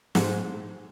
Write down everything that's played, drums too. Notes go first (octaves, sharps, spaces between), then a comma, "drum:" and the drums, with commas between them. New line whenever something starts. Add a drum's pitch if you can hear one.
G#2, drum: snare